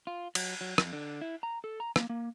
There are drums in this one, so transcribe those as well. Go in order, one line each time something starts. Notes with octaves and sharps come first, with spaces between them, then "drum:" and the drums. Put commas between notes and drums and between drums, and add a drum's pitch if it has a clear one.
F4
F#3, drum: cymbal
F#3
F2, drum: rim click
D3
E4
A#5
A4
A#5
A#3, drum: rim click
A#3